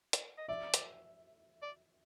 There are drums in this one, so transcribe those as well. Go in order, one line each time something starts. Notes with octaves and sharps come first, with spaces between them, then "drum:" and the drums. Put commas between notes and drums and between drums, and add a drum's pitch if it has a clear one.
drum: hi-hat
D#5
D5 E5
drum: hi-hat
D5